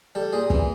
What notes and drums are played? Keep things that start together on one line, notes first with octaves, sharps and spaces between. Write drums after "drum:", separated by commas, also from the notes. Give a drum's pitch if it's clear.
G3 A4
A#2 G#4
E3, drum: kick